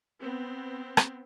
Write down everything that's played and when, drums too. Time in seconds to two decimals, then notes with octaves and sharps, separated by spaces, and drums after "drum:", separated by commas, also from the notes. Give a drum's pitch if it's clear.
0.20 B3 C4
0.97 drum: rim click